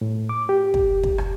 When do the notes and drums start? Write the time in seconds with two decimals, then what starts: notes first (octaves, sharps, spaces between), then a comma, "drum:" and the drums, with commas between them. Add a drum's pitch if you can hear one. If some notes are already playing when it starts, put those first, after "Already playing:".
0.01 A2
0.29 D6
0.49 G4
0.74 drum: kick
1.03 drum: kick
1.18 drum: rim click